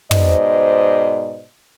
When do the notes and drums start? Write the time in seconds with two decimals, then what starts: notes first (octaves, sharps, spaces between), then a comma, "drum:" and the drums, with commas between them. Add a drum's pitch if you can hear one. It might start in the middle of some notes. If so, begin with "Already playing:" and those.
0.11 G#2 B2 C5 D5 D#5, drum: tom